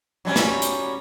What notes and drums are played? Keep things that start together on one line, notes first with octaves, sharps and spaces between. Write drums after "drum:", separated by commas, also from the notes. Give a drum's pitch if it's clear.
F#3 G3 C#4
drum: snare
drum: hi-hat